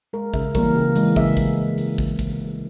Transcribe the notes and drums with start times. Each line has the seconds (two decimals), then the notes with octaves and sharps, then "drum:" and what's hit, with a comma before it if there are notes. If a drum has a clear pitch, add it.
0.13 G#3 A#4
0.34 C#3 E5, drum: kick
0.55 E3 G3 A#3 A#4, drum: kick, hi-hat
0.75 C#3 G4
0.95 E3 G#3, drum: hi-hat
1.16 C#3 E5, drum: kick
1.37 drum: kick, hi-hat
1.78 drum: hi-hat
1.98 drum: kick
2.19 drum: kick, hi-hat